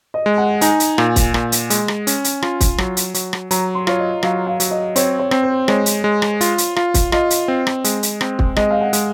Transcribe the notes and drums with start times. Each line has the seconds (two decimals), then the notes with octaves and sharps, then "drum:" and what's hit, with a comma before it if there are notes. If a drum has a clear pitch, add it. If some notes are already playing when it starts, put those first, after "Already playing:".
0.14 D#5
0.26 G#3
0.38 F#5
0.61 D#4 G#5, drum: hi-hat
0.80 drum: hi-hat
0.98 A#2, drum: rim click
1.16 drum: kick, hi-hat
1.34 A#2, drum: rim click
1.52 drum: hi-hat
1.70 G#3, drum: hi-hat
1.88 drum: rim click
2.07 C#4, drum: hi-hat
2.24 drum: hi-hat
2.42 F4, drum: rim click
2.61 drum: kick, hi-hat
2.78 F#3, drum: rim click
2.97 drum: hi-hat
3.14 F#3, drum: hi-hat
3.33 drum: rim click
3.51 F#3 A#5, drum: hi-hat
3.75 C6
3.87 F4 C#5, drum: rim click
3.99 D#5
4.23 F#3 F5, drum: rim click
4.47 F5
4.60 F#3, drum: hi-hat
4.71 D#5
4.96 C4 C#5, drum: hi-hat
5.19 C#5
5.31 C4, drum: rim click
5.43 C5
5.68 G#3 C#5, drum: rim click
5.86 drum: hi-hat
6.04 G#3
6.22 drum: rim click
6.41 F4, drum: hi-hat
6.58 drum: hi-hat
6.76 F4, drum: rim click
6.94 drum: kick, hi-hat
7.12 F4 D#5, drum: rim click
7.30 drum: hi-hat
7.48 C4
7.67 drum: rim click
7.84 G#3, drum: hi-hat
8.03 drum: hi-hat
8.21 C4, drum: rim click
8.39 drum: kick
8.56 G#3 D#5, drum: rim click
8.71 F5
8.81 F#5
8.93 G#3, drum: hi-hat